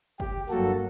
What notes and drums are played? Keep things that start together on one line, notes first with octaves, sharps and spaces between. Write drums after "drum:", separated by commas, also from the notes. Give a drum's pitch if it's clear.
G4, drum: kick
G2 F#3 A#3 F#4 A4